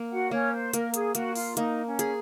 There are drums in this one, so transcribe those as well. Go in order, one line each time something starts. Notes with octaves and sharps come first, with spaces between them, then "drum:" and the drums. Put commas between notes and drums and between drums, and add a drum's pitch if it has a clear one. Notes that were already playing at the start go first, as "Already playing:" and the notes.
Already playing: A#3
F#4 F#5
A#3 C#4 C#5
C5
A#3 A#4, drum: hi-hat
G#4, drum: hi-hat
A#3 F#4, drum: hi-hat
F4, drum: open hi-hat
A#3 D#4, drum: hi-hat
C#4
G#4, drum: hi-hat